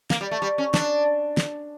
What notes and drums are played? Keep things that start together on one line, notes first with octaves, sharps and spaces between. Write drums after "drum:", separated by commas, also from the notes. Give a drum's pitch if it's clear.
A#3, drum: snare
G3
A3
G3
C#4
D4, drum: snare
drum: snare